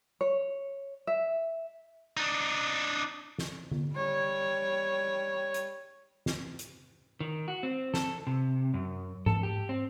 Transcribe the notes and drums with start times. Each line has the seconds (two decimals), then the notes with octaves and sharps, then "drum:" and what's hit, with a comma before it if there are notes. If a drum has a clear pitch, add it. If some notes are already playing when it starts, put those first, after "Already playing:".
0.21 C#5
1.07 E5
2.17 D4 D#4
3.38 drum: snare
3.71 drum: tom D3
3.93 G3 C#5
5.54 drum: hi-hat
6.26 drum: snare
6.59 drum: hi-hat
7.20 D#3
7.48 F#4
7.63 C4
7.94 A4, drum: snare
8.27 C3
8.74 F#2
9.26 A4, drum: tom G#2
9.43 G4
9.69 C4